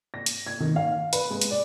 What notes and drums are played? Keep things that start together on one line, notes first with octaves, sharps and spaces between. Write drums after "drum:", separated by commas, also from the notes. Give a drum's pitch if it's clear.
A#6
drum: hi-hat
G#6
D#3
F5
B4, drum: hi-hat
G#3
drum: hi-hat
D5